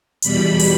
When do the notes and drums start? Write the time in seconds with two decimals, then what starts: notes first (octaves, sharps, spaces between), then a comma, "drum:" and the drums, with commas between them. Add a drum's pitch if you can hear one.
0.22 E2 B2 G3 B5, drum: hi-hat
0.59 drum: open hi-hat